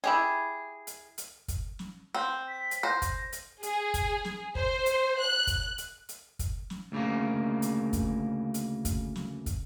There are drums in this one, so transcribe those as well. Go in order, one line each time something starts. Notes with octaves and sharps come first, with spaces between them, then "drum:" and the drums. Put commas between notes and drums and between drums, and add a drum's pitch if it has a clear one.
E4 G4 G#4
drum: hi-hat
drum: hi-hat
drum: kick, hi-hat
drum: snare
C4
B6
drum: hi-hat
C5 A#6
drum: kick, hi-hat
drum: hi-hat
G#4, drum: hi-hat
drum: kick, hi-hat
drum: snare
C5, drum: kick
drum: hi-hat
F#6
drum: kick, hi-hat
drum: hi-hat
drum: hi-hat
drum: kick, hi-hat
drum: snare
D2 C#3 A#3
drum: hi-hat
drum: kick, hi-hat
drum: hi-hat
drum: kick, hi-hat
drum: snare
drum: kick, hi-hat